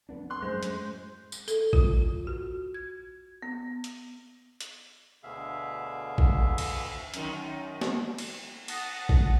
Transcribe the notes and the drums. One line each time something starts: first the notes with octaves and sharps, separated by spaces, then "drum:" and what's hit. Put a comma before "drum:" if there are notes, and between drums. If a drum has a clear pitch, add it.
F2 B3 D4
C6 F#6
F#2 A2 G#3 C5
drum: hi-hat
drum: tambourine
A4, drum: tambourine
F4, drum: kick A#1
F#4
G#6
B3
drum: hi-hat
drum: hi-hat
D2 B2 D3 G#4 E5 F5
drum: kick A#1
drum: cymbal
F#2 D#3, drum: hi-hat
drum: snare
drum: cymbal
F#5 A5 D#6 A6 A#6, drum: cymbal
drum: kick A#1